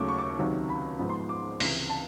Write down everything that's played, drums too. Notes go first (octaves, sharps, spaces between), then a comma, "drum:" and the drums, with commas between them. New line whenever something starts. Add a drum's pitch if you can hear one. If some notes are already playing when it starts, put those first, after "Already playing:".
Already playing: D#2 C#3 F#3 A3 D6
C#6
D6
C#6
C#2 C3 D#3 F#3
B5
G#2 F3 G#3 B3 B5
C6
C6
D6
C#2 C3 E3, drum: open hi-hat
A5